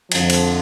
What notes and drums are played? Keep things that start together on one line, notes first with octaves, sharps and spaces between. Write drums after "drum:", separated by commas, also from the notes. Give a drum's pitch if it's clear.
F2 D3 F3, drum: cymbal
drum: cymbal